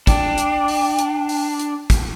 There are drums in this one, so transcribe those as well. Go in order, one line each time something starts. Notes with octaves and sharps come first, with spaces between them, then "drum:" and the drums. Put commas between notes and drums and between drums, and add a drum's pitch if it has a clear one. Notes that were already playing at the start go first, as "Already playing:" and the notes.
D4 G5, drum: kick, hi-hat
drum: hi-hat
drum: open hi-hat
drum: hi-hat
drum: open hi-hat
drum: hi-hat
drum: kick, hi-hat